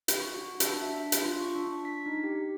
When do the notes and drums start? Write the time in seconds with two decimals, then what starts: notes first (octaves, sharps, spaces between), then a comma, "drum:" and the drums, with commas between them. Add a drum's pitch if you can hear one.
0.08 drum: hi-hat
0.20 C#6
0.34 F#4
0.60 D4, drum: hi-hat
0.81 E5
0.98 D4
1.12 drum: hi-hat
1.22 F4
1.40 C#6
1.55 D4
1.85 B6
2.06 D#4
2.23 G4